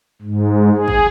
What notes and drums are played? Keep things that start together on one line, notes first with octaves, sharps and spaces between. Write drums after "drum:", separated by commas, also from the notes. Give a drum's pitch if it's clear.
G#2
G#4
drum: kick